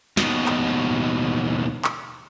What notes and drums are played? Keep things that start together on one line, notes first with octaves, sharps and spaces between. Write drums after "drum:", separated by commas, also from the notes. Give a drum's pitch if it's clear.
D#2 B2, drum: snare
drum: clap
drum: clap